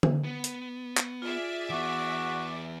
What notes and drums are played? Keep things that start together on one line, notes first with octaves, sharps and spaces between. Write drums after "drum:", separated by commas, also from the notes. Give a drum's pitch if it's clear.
drum: tom D3
B3
drum: hi-hat
drum: clap
F4 G#4 D5 E5
E3 B3 F#4 D6